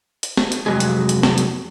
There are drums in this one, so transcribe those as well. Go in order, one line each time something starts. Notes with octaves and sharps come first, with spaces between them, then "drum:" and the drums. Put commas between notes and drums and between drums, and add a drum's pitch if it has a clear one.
drum: hi-hat
drum: snare B3
drum: hi-hat
F2 C3 F#3 G#3 G#4
drum: hi-hat
drum: hi-hat
drum: snare B3
drum: hi-hat